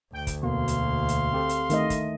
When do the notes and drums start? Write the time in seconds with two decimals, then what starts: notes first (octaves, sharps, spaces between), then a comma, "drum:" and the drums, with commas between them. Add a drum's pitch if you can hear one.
0.13 D2 G5
0.27 drum: kick, hi-hat
0.42 E2 B2 A#3 F5 C6
0.68 drum: hi-hat
1.09 drum: hi-hat
1.33 C4 G4 A4
1.49 drum: hi-hat
1.70 D#3 A3 D#5, drum: hi-hat
1.90 drum: kick, hi-hat